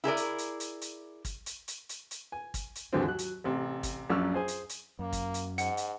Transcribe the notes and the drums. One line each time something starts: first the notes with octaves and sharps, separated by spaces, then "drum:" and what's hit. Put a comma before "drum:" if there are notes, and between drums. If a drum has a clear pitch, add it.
E4 G#4 A#4 D5
drum: hi-hat
drum: hi-hat
drum: hi-hat
drum: hi-hat
drum: kick, hi-hat
drum: hi-hat
drum: hi-hat
drum: hi-hat
drum: hi-hat
G#5
drum: kick, hi-hat
drum: hi-hat
D#2 G#2 D3 E3 F#3 C4
F#3 F#6
drum: hi-hat
A1 C3
drum: kick, hi-hat
A#1 F#2 D5 C#6 E6 F6
G#4 C5 G#5
drum: hi-hat
drum: hi-hat
F#2 A#3
drum: kick, hi-hat
drum: hi-hat
G#2 F#5, drum: hi-hat
drum: hi-hat